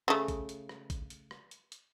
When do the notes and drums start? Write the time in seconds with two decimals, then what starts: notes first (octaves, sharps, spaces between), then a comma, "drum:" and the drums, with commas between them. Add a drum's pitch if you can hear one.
0.08 C#3 A3
0.28 drum: kick A1, hi-hat
0.49 drum: hi-hat
0.69 drum: rim click
0.90 drum: kick A1, hi-hat
1.10 drum: hi-hat
1.31 drum: rim click
1.51 drum: hi-hat
1.72 drum: hi-hat